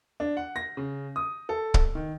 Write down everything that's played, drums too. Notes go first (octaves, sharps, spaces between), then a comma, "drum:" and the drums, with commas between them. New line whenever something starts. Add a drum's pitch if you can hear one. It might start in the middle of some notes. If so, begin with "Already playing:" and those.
D4
F#5
A#6
C#3
D#6
A4
drum: kick
D#3